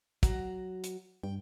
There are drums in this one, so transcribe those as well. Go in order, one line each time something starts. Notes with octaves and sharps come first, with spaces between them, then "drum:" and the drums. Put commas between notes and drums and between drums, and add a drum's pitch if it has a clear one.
F#3 F#4 A#5, drum: kick, hi-hat
drum: hi-hat
G2 G5